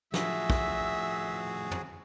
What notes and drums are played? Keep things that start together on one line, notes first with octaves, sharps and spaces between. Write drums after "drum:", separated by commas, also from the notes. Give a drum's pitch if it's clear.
A2 F3 F#4 G#4 E5, drum: snare
drum: kick
drum: tom